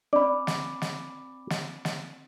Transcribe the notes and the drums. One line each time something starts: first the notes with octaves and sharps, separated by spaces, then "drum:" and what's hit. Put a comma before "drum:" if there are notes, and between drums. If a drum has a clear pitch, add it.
C4 D4 D5 B5 D6
drum: snare
drum: snare
drum: snare
drum: snare